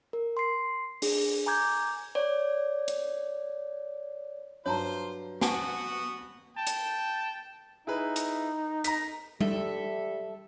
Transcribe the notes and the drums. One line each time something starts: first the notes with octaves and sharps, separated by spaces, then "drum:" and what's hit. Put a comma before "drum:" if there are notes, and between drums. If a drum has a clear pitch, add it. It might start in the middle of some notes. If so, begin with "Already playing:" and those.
A#4
C6 C7
D4 G#4, drum: open hi-hat
G#5 A#5 D6 G6 G#6
C#5 D5
drum: hi-hat
G2 F#3 F4 C5 C#5 A5 A#5
B3 F#4 F#5 G#5 A5, drum: snare
G5 A5
drum: hi-hat
D#4 E4 G#4 B4
drum: hi-hat
A#5 A#6 B6, drum: hi-hat
G3 A4 E5, drum: tom G3